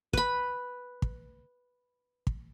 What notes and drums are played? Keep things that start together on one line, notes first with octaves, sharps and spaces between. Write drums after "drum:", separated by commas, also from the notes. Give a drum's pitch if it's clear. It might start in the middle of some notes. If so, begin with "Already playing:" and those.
B4 B5, drum: kick
drum: kick
drum: kick